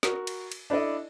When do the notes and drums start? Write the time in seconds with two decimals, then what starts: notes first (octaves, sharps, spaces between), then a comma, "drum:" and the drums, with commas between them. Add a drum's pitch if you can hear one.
0.03 F#4 A#4, drum: snare
0.27 drum: cymbal
0.52 drum: cymbal
0.70 D4 E4 A4 D5 D#5